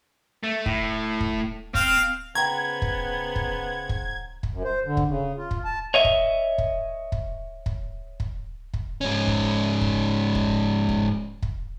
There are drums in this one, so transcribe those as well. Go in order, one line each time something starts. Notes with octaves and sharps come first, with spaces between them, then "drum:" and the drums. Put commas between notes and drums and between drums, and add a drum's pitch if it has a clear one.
A3
A2, drum: kick
drum: kick
C4 F5, drum: kick
C#3 B3 C5 F#5 G5 A#5 G#6
drum: kick
drum: kick
drum: kick
drum: kick
F#2
C5
D3
drum: kick
C#3
F4
drum: kick
A5
C#5 D#5 E5
drum: kick
drum: kick
drum: kick
drum: kick
drum: kick
drum: kick
G#2 C#4
drum: kick
drum: kick
drum: kick
drum: kick
drum: kick